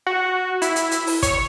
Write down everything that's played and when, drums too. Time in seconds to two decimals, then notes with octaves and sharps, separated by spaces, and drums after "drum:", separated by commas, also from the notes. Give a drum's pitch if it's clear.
0.06 F#4
0.62 E4, drum: hi-hat
0.76 drum: hi-hat
0.91 drum: hi-hat
1.07 drum: open hi-hat
1.23 C#5, drum: kick, hi-hat